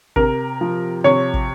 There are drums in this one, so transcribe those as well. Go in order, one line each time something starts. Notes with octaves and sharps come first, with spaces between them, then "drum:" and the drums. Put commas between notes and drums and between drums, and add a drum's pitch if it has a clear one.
C3 A#4, drum: kick
F3
C3 C#5
drum: kick